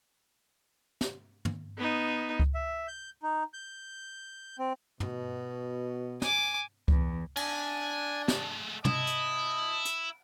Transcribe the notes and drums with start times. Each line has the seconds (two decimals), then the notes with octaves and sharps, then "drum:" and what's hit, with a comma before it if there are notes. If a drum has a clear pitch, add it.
1.01 drum: snare
1.45 drum: tom
1.78 B3 D#4
2.40 drum: kick C#2
2.54 E5
2.88 G6
3.23 D#4
3.54 G6
4.59 C4
5.00 B2, drum: tom
6.22 G#5 D6, drum: snare
6.88 E2, drum: kick C#2
7.37 D4 G#5 A5, drum: cymbal
8.28 G#3 A3, drum: snare
8.85 E4 D#5 A5 D#6, drum: tom
9.07 drum: hi-hat
9.85 drum: hi-hat